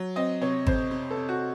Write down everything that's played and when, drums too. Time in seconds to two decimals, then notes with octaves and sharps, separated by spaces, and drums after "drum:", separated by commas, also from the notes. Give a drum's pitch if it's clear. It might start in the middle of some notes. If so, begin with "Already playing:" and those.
Already playing: F#3
0.16 C4 D#5
0.41 C3 C#5
0.67 F2 C5, drum: kick G#1
0.91 C3
1.11 A4
1.16 C3
1.29 F#4